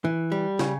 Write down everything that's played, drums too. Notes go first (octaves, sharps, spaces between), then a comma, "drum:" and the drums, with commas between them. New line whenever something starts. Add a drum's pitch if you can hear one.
E3
G3
C#3, drum: snare